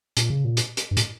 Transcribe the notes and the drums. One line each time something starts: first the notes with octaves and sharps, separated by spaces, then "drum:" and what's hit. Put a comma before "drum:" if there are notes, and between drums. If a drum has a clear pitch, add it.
A#2, drum: hi-hat
C#3
A#2
drum: hi-hat
drum: hi-hat
G2
A2, drum: hi-hat